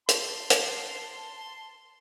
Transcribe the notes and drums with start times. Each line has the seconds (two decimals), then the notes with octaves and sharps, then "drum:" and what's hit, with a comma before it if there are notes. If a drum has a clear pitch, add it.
0.09 A5 C6, drum: hi-hat
0.50 drum: hi-hat